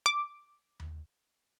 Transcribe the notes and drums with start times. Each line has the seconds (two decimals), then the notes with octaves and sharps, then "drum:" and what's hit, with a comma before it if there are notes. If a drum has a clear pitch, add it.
0.06 D6
0.80 drum: tom D#2